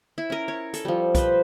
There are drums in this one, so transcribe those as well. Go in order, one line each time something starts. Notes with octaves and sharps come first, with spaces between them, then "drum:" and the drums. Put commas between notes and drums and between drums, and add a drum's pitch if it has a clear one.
E4
C#4 A#4
C#5
A4, drum: hi-hat
F3 G3
B4 C5, drum: kick, hi-hat